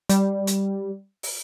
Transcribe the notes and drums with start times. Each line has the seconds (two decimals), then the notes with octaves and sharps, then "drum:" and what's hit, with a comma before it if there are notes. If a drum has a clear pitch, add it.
0.09 G3, drum: hi-hat
0.47 drum: hi-hat
1.23 drum: open hi-hat